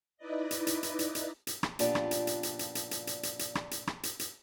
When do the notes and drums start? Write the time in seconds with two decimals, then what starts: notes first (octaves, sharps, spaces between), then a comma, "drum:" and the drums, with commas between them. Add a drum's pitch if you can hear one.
0.17 D#4 E4 B4 D5 D#5
0.51 drum: hi-hat
0.67 drum: hi-hat
0.83 drum: hi-hat
0.99 drum: hi-hat
1.15 drum: hi-hat
1.47 drum: hi-hat
1.63 drum: rim click
1.79 A#2 C#3 F3 B3 D4 G4, drum: hi-hat
1.95 drum: rim click
2.11 drum: hi-hat
2.27 drum: hi-hat
2.43 drum: hi-hat
2.59 drum: hi-hat
2.75 drum: hi-hat
2.91 drum: hi-hat
3.07 drum: hi-hat
3.23 drum: hi-hat
3.39 drum: hi-hat
3.55 drum: rim click
3.71 drum: hi-hat
3.87 drum: rim click
4.03 drum: hi-hat
4.19 drum: hi-hat